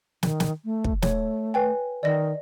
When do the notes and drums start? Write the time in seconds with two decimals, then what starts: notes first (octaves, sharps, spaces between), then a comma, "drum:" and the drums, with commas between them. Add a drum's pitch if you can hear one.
0.23 D#3, drum: snare
0.40 drum: snare
0.65 A3
0.84 drum: kick
1.02 A3 C#5, drum: snare
1.54 B4 G5 G#5
2.03 D#3 D5 D#5 A#6